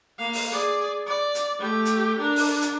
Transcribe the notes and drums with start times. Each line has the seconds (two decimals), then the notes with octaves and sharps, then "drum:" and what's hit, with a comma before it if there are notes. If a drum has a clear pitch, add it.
0.18 A#3 F5
0.33 drum: open hi-hat
0.51 G#4 D5
1.07 D5
1.35 drum: hi-hat
1.60 A3 G4
1.85 drum: hi-hat
2.19 D4 A#4
2.36 drum: open hi-hat
2.61 drum: hi-hat